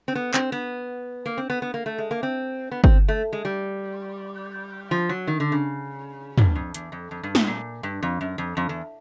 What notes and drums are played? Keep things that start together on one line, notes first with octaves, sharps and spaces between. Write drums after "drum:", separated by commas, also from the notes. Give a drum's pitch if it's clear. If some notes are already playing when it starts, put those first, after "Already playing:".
C4
B3
C4, drum: clap
B3
A#3
C4
B3
B3
A#3
A3
G#3
A#3
C4
B3
C4, drum: kick
A3
G#3
G3
F3
F#3
D#3
D3
C#3
G2, drum: tom
F2
E2, drum: hi-hat
F2
F2
G2
A2, drum: snare
A#2
G2
F2
F#2
F2
F2
E2